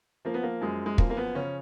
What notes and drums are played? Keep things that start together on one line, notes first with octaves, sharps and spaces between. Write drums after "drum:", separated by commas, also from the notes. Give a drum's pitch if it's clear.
F3 A#3
B3
A#3
F#2 G#3
G#3
F3 A#3, drum: kick
A#3
B3
C#3 C#4